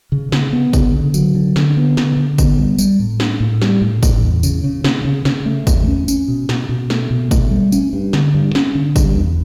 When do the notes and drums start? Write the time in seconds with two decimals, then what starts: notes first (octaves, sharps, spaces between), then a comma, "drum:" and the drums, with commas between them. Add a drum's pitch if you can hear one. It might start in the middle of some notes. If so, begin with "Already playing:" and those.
0.12 C#3
0.32 C#3, drum: snare
0.53 B3
0.73 C#3, drum: kick, tambourine
0.94 D3
1.14 F#3, drum: tambourine
1.35 D3
1.56 D3, drum: snare
1.77 B3
1.97 D3, drum: snare
2.17 D3
2.38 B3, drum: kick, tambourine
2.59 G3
2.79 G3, drum: tambourine
3.00 A2
3.20 D4, drum: snare
3.40 A2
3.62 G3, drum: snare
3.81 A2
4.03 A2, drum: kick, tambourine
4.23 E2
4.43 C#3, drum: tambourine
4.64 C#3
4.84 C#3, drum: snare
5.05 C#3
5.25 C#3, drum: snare
5.46 A3
5.67 E2, drum: kick, tambourine
5.88 C#4
6.08 C#4, drum: tambourine
6.28 B2
6.49 B2, drum: snare
6.69 B2
6.90 A3, drum: snare
7.11 B2
7.31 A3, drum: kick, tambourine
7.51 G3
7.72 C#4, drum: tambourine
7.93 G2
8.13 D3, drum: snare
8.34 G2
8.55 C#4, drum: snare
8.75 D3
8.96 G2, drum: kick, tambourine
9.16 E2